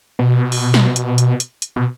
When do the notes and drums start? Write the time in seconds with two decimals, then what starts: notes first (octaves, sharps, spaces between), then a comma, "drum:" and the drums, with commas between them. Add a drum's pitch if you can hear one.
0.19 B2
0.52 drum: open hi-hat
0.74 drum: snare
0.96 drum: hi-hat
1.18 drum: hi-hat
1.40 drum: hi-hat
1.62 drum: hi-hat
1.76 B2